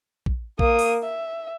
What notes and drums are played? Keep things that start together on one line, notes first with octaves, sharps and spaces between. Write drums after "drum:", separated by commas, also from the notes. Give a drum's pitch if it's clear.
drum: kick
A#3 D#6, drum: kick
drum: open hi-hat
E5